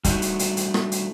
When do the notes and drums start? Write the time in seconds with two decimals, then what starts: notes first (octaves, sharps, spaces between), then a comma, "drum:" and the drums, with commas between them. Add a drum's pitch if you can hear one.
0.04 G3 A3 D4 D#4 F#4, drum: kick, hi-hat
0.22 drum: hi-hat
0.39 drum: hi-hat
0.57 drum: hi-hat
0.74 drum: rim click
0.92 drum: hi-hat